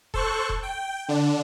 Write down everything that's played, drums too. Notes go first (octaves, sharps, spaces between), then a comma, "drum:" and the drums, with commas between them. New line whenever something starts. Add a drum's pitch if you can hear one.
A4 C5 C#6 F#6, drum: kick E1
drum: kick E1
G5
D3 D4